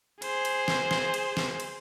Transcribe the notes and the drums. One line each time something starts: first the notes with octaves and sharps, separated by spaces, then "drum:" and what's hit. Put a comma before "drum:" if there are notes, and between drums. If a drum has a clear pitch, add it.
G#4 C5, drum: cymbal
drum: cymbal
drum: snare
drum: snare
drum: cymbal
drum: snare
drum: cymbal